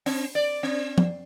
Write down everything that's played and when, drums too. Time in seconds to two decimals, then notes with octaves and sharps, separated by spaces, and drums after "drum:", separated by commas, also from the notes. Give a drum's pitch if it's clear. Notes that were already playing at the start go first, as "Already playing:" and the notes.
0.06 C4, drum: open hi-hat
0.35 D5
0.63 C4
0.98 drum: tom F3